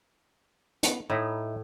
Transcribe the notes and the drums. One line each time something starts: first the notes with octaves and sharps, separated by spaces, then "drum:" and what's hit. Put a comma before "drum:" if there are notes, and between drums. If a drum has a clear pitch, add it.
B3, drum: hi-hat
A2 D#4 E4 D#5